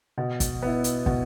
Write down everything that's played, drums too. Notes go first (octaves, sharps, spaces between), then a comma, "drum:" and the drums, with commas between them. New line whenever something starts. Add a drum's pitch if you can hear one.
B2
drum: kick, hi-hat
B3 E4
drum: hi-hat
B2, drum: kick